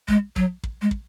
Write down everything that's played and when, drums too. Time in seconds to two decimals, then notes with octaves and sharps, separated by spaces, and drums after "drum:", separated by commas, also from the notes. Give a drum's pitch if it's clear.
0.08 G#3, drum: kick
0.36 F#3, drum: kick
0.63 drum: kick
0.82 G#3
0.91 drum: kick